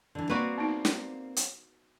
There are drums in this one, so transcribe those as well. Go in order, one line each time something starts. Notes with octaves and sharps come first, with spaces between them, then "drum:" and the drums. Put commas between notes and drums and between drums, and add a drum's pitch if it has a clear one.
D3 E3
A#3 C4 F#4 B4 D5
B3 D#4
drum: snare
drum: hi-hat